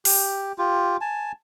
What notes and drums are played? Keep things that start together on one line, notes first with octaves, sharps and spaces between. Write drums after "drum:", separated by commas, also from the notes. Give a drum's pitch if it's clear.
G4, drum: open hi-hat
F4 G4
G#5 A5